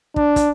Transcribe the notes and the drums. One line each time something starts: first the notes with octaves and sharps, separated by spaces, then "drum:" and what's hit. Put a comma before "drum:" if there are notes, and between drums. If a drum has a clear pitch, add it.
D4, drum: kick
drum: kick, hi-hat